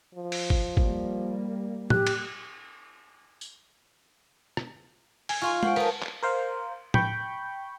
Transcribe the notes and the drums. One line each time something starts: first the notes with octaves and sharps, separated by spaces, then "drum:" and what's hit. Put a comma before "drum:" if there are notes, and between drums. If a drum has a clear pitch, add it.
F3
drum: open hi-hat
drum: kick
G3 A#3, drum: kick
G4 F#6, drum: tom A2
drum: cymbal
drum: tambourine
drum: rim click
G#5, drum: open hi-hat
F4 F5 G#5 C6 C#6
C5 F#5 C#6 C7 D7, drum: tom G#3
F4 A#4 B4 A5 D#6, drum: cymbal
drum: clap
A#4 C5 F5
G5 B5 C#6 G6, drum: tom A2